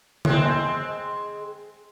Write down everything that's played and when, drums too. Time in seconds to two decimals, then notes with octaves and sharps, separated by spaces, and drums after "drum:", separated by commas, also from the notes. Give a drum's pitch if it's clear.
0.25 G#3 C4, drum: tom D3